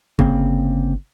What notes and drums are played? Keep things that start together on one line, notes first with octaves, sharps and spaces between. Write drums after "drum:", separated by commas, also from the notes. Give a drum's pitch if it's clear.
G1 C#3 A#3 C4, drum: kick G#1